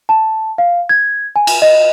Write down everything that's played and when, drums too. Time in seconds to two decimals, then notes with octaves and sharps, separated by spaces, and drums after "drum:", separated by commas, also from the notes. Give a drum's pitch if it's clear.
0.09 A5
0.58 F5
0.89 G#6
1.36 G#5
1.47 drum: cymbal
1.62 D#5